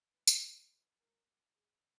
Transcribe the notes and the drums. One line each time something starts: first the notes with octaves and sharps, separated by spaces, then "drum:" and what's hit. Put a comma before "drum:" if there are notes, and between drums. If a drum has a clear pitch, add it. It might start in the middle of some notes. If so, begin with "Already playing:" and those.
F#2 D#3 G#3 B4
drum: tambourine
G#1 F#2 C#3 G#3 A#4
A#1 A#2 F#3 B4
B1 B2 G#3 A#4
A#1 G#2 F#3
F#2 C#3 F#3 G#4